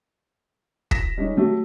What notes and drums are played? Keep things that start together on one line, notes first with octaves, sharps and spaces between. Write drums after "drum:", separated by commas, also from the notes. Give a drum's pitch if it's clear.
A#6 B6 E7, drum: kick
G3 G#3 C#4 D#4
F#3 A3 G4